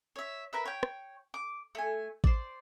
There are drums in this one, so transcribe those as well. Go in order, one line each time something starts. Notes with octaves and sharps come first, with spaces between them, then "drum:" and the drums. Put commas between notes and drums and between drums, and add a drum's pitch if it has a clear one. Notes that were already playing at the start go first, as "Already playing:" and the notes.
C#5 E5
A#4 B4 E5
C#5 G5
drum: rim click
D6
A3 G#5
C5 D5, drum: kick A1